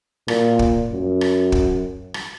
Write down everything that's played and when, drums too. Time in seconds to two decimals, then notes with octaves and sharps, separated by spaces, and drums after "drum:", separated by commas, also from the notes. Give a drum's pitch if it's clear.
0.28 A#2, drum: rim click
0.59 drum: kick
0.90 F#2
1.21 drum: rim click
1.52 drum: kick
2.14 drum: rim click